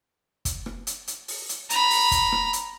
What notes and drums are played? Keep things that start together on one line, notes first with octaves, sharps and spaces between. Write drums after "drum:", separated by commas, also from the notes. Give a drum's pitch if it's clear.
drum: kick, hi-hat
drum: rim click
drum: hi-hat
drum: hi-hat
drum: open hi-hat
drum: hi-hat
A#5 B5, drum: hi-hat
drum: open hi-hat
drum: kick, hi-hat
drum: rim click
drum: hi-hat